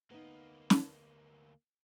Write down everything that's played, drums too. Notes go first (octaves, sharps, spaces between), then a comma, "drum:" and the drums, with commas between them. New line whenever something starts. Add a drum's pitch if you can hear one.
D2 A#3 B3 D#4
drum: snare